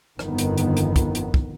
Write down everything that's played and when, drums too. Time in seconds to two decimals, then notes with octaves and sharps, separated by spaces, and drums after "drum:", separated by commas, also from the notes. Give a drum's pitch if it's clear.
0.19 G1 F2 D#3 B3, drum: rim click
0.38 drum: hi-hat
0.58 drum: hi-hat
0.77 drum: hi-hat
0.96 drum: kick, hi-hat
1.15 drum: hi-hat
1.34 drum: kick